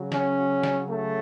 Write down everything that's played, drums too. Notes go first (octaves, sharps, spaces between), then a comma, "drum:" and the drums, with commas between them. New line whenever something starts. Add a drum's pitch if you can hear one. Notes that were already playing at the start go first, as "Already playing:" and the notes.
Already playing: C#3 F#3
C#4, drum: snare
drum: snare
A3